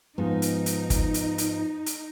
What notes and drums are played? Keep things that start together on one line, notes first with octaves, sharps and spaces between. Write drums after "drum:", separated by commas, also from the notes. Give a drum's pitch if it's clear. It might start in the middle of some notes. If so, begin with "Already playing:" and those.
G#2 F3 B3 D#4
drum: hi-hat
drum: hi-hat
drum: kick, hi-hat
drum: hi-hat
drum: hi-hat
drum: hi-hat